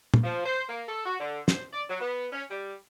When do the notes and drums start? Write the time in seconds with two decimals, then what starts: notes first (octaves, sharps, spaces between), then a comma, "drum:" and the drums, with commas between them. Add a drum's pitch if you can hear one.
0.14 drum: tom
0.24 F3
0.45 C5
0.69 A#3
0.88 A4
1.06 F#4
1.20 D3
1.48 C5, drum: snare
1.73 D5
1.89 F#3
2.01 B3
2.32 C#4
2.50 G3